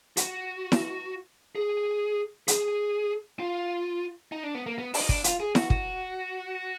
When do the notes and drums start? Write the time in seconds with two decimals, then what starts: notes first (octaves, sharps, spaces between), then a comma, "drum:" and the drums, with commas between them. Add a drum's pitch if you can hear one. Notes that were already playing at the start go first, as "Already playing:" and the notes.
0.17 F#4, drum: hi-hat
0.72 drum: snare E4
1.55 G#4
2.48 G#4, drum: hi-hat
3.40 F4
4.32 D#4
4.43 D4
4.55 B3
4.66 A#3
4.78 B3
4.94 D4, drum: open hi-hat
5.01 D#4
5.09 D4, drum: kick
5.24 F4, drum: hi-hat
5.40 G#4
5.55 F#4, drum: snare E4
5.70 F#4, drum: kick